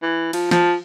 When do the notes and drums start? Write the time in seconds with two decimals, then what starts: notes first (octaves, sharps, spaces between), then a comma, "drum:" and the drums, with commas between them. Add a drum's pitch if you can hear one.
0.02 E3
0.33 F3, drum: cymbal
0.51 F3, drum: snare